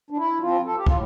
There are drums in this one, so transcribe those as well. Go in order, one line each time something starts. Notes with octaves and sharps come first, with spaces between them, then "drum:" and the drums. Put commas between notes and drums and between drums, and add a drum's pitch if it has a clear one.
D4
E4
F3 C4 F4
A4
G4
A2 F4, drum: kick